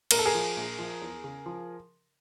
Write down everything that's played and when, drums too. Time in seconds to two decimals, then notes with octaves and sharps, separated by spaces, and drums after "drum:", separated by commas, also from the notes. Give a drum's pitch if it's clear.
0.11 A#1 A#4, drum: cymbal
0.19 A4
0.25 G#4 A#4
0.34 F3
0.57 A#1
0.79 F3
1.02 E2
1.24 C#3
1.46 F3